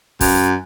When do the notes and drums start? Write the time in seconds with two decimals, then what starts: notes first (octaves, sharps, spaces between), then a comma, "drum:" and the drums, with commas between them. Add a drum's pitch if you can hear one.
0.21 F#2, drum: kick, open hi-hat